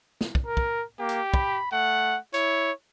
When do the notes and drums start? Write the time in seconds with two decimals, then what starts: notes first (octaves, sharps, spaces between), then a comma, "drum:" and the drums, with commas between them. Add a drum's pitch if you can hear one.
0.21 drum: snare
0.35 drum: kick
0.46 A#4
0.57 drum: kick
1.00 A#3 G4
1.09 drum: hi-hat
1.34 B5, drum: kick
1.72 A3 F#5
2.34 E4 C#5, drum: hi-hat